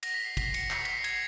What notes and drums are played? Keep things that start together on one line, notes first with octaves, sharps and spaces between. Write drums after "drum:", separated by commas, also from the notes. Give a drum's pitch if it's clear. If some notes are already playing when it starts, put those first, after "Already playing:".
A#6, drum: cymbal
B6
C7
B6, drum: kick, cymbal
C#7, drum: cymbal
C7, drum: clap
B6, drum: cymbal
C7
G#6, drum: cymbal